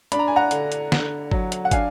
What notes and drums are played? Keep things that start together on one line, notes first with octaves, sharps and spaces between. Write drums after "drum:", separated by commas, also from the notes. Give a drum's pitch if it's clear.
D4 B5, drum: hi-hat
A#5
G#5
F#5 A#5
D3, drum: hi-hat
drum: hi-hat
D3, drum: snare
F#3, drum: kick
drum: hi-hat
F#5
D4 F5 G#5, drum: kick, hi-hat